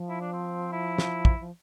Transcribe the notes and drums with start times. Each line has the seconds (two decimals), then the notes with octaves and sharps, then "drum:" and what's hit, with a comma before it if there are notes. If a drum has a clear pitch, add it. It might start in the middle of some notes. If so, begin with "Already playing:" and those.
Already playing: F3
0.10 E4
0.21 D4
0.33 C4
0.72 E4
0.98 drum: snare
1.25 drum: kick
1.41 F3